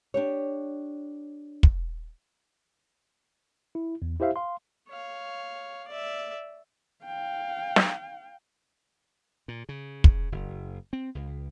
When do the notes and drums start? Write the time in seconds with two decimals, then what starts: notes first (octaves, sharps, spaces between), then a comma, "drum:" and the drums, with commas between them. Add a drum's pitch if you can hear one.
0.14 D4 G4 C#5
1.63 drum: kick
3.75 E4
4.02 E2
4.20 E4 G4 C5 E5 F5
4.36 F5 C6
4.88 C#5 F5
5.88 D5 E5
7.05 F5 G5
7.76 drum: snare
9.48 A#2
9.69 C#3
10.04 drum: kick
10.32 F#1
10.93 C4
11.15 C#2